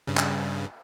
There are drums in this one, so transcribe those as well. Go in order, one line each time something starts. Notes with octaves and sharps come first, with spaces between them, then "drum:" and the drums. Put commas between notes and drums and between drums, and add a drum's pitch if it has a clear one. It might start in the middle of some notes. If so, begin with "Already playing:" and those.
G2 C#3
drum: clap